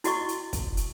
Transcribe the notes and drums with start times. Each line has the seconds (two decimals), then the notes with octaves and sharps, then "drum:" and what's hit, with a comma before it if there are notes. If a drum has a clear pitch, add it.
0.04 E4 F#4 D#5 C#6, drum: hi-hat
0.29 drum: hi-hat
0.53 drum: kick, hi-hat
0.77 drum: hi-hat